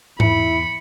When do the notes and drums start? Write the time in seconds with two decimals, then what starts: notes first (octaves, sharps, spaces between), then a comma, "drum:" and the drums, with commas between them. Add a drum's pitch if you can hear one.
0.20 E2 E4 B5 C#7, drum: tom G#2